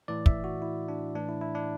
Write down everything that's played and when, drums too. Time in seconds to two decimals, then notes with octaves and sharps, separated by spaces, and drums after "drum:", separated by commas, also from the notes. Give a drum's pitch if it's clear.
0.08 A2 E3 D5
0.26 E5, drum: kick
0.44 F#4
0.62 E4
0.88 D4
1.15 A2 E3 D4
1.29 E4
1.41 E4
1.55 D4